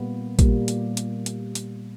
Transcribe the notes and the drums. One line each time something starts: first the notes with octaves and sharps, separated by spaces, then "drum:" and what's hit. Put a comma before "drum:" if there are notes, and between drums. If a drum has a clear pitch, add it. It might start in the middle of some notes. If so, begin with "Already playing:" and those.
Already playing: A#2 G3 A#3 B3
A#2 G3 A#3, drum: kick, hi-hat
drum: hi-hat
drum: hi-hat
drum: hi-hat
drum: hi-hat